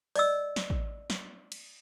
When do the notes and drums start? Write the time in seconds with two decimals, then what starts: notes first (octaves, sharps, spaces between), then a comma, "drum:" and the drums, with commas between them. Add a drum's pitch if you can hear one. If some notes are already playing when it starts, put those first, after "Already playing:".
0.16 D5 D#5 E6, drum: open hi-hat
0.56 drum: snare
0.70 drum: kick
1.10 drum: snare
1.52 drum: cymbal